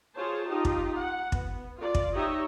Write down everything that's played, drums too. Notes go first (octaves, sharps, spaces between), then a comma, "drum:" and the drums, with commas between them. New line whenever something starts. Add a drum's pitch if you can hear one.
F4 G#4 C5 C#5 A5
D#4 F4 G4 D#5
drum: kick
F#5
B3, drum: kick
F4 D5
drum: kick
D#4 G4 C#5 D#5 E5